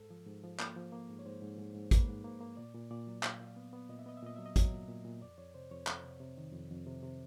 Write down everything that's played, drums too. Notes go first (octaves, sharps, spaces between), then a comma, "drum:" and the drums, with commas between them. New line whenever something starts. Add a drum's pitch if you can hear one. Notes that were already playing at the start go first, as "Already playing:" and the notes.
Already playing: G#2 A4
F3
G#2
F3
A#3, drum: clap
F3
A#3
G#2
C#5
G#2 C5
G#2
G#2
G#2
A#3 B4, drum: kick, hi-hat
G#2
A#3
A#3
A#2 D5
A#2
A#2 D5
F#3
A#2 F5, drum: clap
A#2
B3
B3
A#2 D#5
E5
B3 D#5
E5
A#2 D#5
F#3 E5
D#5
F#3, drum: kick, hi-hat
A#2
A#2
A#2
F2 D5
F2 C#5
C3 C5
F2 C#5
F2, drum: clap
C3
C3
D#3
F2
F2
C3
C3